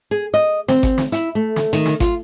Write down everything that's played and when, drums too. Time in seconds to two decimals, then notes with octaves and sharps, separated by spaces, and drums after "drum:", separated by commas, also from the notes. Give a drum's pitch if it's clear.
0.11 G#4
0.34 D#5
0.68 C4, drum: snare
0.83 drum: kick G#1, hi-hat
0.98 drum: snare
1.12 E4, drum: hi-hat
1.35 A3
1.56 drum: snare
1.73 D#3, drum: hi-hat
1.86 drum: snare
2.00 F4, drum: kick G#1, hi-hat